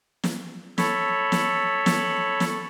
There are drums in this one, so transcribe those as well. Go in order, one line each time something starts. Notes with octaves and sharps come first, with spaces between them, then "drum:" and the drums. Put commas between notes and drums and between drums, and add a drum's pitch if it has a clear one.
drum: snare
A4 C#5 B5, drum: snare
drum: snare
drum: snare
drum: snare